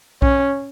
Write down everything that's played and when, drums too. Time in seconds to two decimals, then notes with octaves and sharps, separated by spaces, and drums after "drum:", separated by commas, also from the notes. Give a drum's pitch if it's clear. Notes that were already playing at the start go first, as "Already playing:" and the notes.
0.22 C#4, drum: kick B1